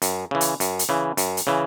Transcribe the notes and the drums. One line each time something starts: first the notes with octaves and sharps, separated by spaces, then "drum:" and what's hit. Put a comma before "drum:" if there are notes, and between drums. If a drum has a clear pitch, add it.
F#2, drum: hi-hat
C#3 E3
drum: hi-hat
F#2, drum: hi-hat
drum: hi-hat
C#3 E3
F#2, drum: hi-hat
drum: hi-hat
C#3 E3